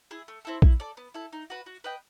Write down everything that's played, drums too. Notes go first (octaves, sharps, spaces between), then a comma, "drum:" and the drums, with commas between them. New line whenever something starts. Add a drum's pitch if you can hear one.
E4 G#4
A3
C4 E4 A4
E4, drum: kick A#1
A4 D5
B3
E4 A4
D#4
F#4 B4
F#4
B4 D#5 G5